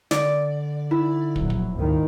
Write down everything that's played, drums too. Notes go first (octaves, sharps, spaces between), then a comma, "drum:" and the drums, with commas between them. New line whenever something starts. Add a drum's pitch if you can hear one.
D3 D5, drum: snare
E4
A#1 F#3, drum: kick
drum: kick
G#1 D2 A#2 D#3